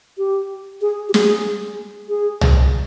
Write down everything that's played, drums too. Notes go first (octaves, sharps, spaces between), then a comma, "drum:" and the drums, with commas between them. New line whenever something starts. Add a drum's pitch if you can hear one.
G4
G#4
G4
G#4, drum: snare
G#4
drum: tom